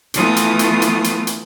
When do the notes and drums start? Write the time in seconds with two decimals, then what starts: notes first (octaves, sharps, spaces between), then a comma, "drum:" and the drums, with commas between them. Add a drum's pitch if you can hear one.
0.14 E3 F3 A3 B3 F4 D#6, drum: hi-hat
0.36 drum: hi-hat
0.59 drum: hi-hat
0.82 drum: hi-hat
1.04 drum: hi-hat
1.27 drum: hi-hat